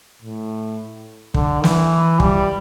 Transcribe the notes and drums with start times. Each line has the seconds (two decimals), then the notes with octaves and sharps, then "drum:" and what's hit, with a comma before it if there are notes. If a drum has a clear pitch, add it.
0.22 A2
1.34 D3, drum: kick
1.64 E3, drum: snare
2.20 G3, drum: kick